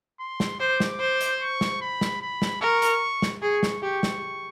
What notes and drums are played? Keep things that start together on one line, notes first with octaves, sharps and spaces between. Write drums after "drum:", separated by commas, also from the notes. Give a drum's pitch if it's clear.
C6
drum: snare
C5 D6
drum: snare
C5
drum: hi-hat
C#6
drum: snare
B5
drum: snare
B5
drum: snare
A#4 C#6
drum: hi-hat
drum: snare
G#4 C#6
drum: snare
G4 C#6
drum: snare